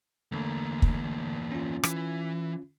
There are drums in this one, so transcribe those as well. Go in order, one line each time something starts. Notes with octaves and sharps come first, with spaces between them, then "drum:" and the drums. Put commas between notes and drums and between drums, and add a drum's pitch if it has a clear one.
E2 D3 A3 A#3
drum: kick
C#4 F4
E3, drum: rim click